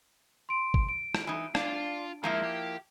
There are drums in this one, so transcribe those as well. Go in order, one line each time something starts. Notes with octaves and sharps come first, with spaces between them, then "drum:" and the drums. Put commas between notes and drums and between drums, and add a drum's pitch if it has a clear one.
C6 D7
drum: kick G1
D7
drum: rim click
E3 D#4
D4 F4, drum: rim click
F3 G#3 A#3 E4 A#4
G4